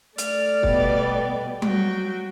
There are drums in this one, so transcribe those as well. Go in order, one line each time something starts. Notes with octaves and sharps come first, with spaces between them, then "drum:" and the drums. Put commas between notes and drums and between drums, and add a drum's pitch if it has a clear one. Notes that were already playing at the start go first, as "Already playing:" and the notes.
A3 D5 F6, drum: hi-hat
B2 G3 B3, drum: kick
F#3 F#4 G5, drum: tom G3